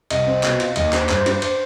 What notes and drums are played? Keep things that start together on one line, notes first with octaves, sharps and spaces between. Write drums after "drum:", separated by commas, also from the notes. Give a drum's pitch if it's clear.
C2 D#5, drum: cymbal
C4
B2, drum: clap
F4, drum: cymbal
D#2 D#5, drum: cymbal
D4 C5, drum: clap
G2 C5, drum: clap
C5
D4, drum: cymbal
C5
C5, drum: cymbal